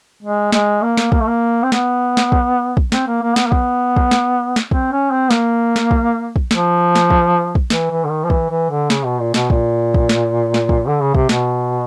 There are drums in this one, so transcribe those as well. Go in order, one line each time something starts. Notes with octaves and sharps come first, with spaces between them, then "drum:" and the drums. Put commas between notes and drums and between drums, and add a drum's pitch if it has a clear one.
G#3
G#3, drum: snare
A#3
drum: snare
A#3, drum: kick
A3
A#3
C4
B3, drum: snare
drum: snare
drum: kick
drum: kick
C4, drum: snare
A#3
A#3
B3, drum: snare
A#3
B3, drum: kick
drum: kick
drum: snare
drum: snare
C4, drum: kick
C#4
C4
A#3, drum: snare
drum: snare
drum: kick
drum: kick
F3, drum: snare
drum: snare
drum: kick
drum: kick
E3, drum: snare
E3
D3
D#3
F3
E3, drum: kick
E3
D3
C#3, drum: snare
B2
A#2
B2, drum: snare
A#2, drum: kick
drum: kick
drum: snare
drum: snare
drum: kick
D3
C#3
C3, drum: kick
B2, drum: snare